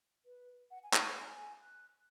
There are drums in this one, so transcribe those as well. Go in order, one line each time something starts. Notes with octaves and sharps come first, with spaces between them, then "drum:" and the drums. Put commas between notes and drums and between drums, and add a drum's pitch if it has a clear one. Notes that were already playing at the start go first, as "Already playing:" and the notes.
B4
F#5
G#5
G#5, drum: clap
A#5
G#5
G#5
F#6